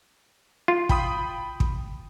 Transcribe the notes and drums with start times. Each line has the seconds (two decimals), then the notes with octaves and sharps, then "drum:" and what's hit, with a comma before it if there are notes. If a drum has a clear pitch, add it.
0.68 F4
0.89 G5 B5 D#6, drum: kick
1.60 drum: kick